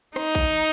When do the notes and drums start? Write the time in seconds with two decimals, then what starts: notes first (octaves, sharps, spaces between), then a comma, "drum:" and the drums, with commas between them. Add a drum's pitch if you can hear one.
0.16 D#4, drum: rim click
0.35 drum: kick A1